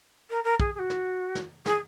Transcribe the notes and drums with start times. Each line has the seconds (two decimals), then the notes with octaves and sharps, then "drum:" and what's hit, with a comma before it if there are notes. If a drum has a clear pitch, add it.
0.30 A#4
0.44 A#4
0.60 G#4, drum: kick
0.75 G#4
0.79 F#4
0.90 drum: snare
1.35 drum: snare
1.66 G#4, drum: snare